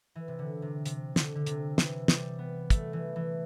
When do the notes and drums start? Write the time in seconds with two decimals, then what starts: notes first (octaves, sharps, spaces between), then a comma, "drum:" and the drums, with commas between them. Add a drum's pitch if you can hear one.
0.15 E3
0.28 C3
0.39 D3
0.62 C3
0.86 C3, drum: hi-hat
1.16 D3, drum: snare
1.35 D3
1.46 C3, drum: hi-hat
1.78 E3, drum: snare
2.08 G3, drum: snare
2.39 B3
2.70 A3, drum: kick, hi-hat
2.93 E3
3.16 E3